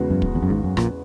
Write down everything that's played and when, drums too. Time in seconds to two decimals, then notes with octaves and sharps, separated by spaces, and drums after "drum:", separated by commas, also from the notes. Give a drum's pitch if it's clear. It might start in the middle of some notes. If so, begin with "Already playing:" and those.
Already playing: E2 C#3 G#3 B3 F#4
0.10 F#2
0.22 drum: kick
0.35 E2
0.43 F#2
0.50 G#1 G#2
0.64 F#2
0.77 A#1 A#2, drum: rim click